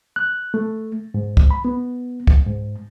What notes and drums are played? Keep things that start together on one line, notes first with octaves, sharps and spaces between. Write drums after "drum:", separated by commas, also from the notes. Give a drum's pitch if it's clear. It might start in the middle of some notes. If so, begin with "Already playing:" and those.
F#6
A3
G#2
drum: kick
B5
B3
drum: kick
G#2